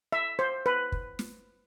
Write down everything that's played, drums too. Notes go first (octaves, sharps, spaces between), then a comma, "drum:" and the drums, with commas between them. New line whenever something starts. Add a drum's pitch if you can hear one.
E5
C5
B4
drum: kick
drum: snare